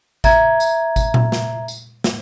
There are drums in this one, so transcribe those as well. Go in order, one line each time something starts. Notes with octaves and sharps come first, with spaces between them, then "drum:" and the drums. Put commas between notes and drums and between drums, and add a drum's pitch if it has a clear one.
E5 A#5 G#6, drum: kick G#1, tambourine
drum: tambourine
drum: kick G#1, tambourine
drum: tom A#2
drum: snare
drum: tambourine
drum: snare